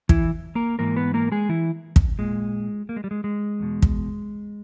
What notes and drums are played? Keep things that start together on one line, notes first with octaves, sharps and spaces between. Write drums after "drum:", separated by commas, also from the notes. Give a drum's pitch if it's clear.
E3 E4, drum: kick
A#3 A#4
G#2 E3 A#3 A#4
B3 B4
A#3 A#4
G#3 G#4
E3 E4
drum: kick
A#2 G#3
A#3
G#3
G3
G#3
G#3
E2 B2
drum: kick